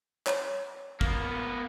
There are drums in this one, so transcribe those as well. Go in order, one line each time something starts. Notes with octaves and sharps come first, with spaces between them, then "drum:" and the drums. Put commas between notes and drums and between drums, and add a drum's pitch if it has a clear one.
C#5, drum: clap
A#3 B3, drum: kick